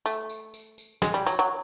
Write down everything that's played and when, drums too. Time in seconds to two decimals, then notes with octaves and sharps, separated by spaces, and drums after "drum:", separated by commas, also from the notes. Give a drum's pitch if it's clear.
0.06 A3, drum: tambourine
0.30 drum: tambourine
0.54 drum: tambourine
0.78 drum: tambourine
1.02 G#3, drum: snare
1.14 G3
1.27 F#3, drum: tambourine
1.39 F#3